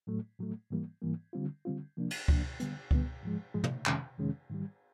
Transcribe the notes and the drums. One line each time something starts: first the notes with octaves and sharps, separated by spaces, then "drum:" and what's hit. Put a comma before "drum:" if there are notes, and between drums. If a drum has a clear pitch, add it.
A2 F#3 A3
A2 F#3 A3
G#2 E3 G3 A#3
G#2 E3 G3 A#3
D3 G3 C4 F4
D3 G3 C4 F4
C3 F3 A#3 D4
drum: cymbal
C3 F3 A#3 D4, drum: kick C#2
D3 G3 B3, drum: hi-hat
D3 G3 B3, drum: kick C#2
G#2 F3 G#3
G#2 F3 G#3
drum: tom
F2 C3 D#3 G#3 C#4, drum: clap
F2 C3 D#3 G#3 C#4
G#2 D#3 G3